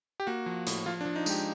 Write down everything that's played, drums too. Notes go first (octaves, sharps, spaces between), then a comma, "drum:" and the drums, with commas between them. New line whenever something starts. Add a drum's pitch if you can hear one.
G4
A#3 F#4
F3
A2, drum: hi-hat
F3 F4
D4
F3
D#4
G#3 G4, drum: tambourine